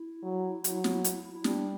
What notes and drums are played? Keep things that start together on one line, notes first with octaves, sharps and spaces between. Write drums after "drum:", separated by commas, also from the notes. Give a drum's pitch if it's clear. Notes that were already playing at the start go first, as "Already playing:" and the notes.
Already playing: E4
F#3
F#3, drum: hi-hat
drum: snare
drum: hi-hat
E4
G3 D4, drum: snare